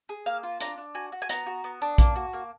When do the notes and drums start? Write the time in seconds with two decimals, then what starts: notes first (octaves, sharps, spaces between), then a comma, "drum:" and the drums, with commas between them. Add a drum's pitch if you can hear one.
0.09 G#4
0.26 A#3 F5
0.43 F4
0.61 D4 A#5, drum: hi-hat
0.78 D4
0.95 F#4 G#5
1.12 F#4
1.22 G#5
1.29 B3 A#5, drum: hi-hat
1.46 F#4
1.64 B3
1.82 D4
1.98 A#3, drum: kick A#1, hi-hat
2.16 F#4
2.33 A#3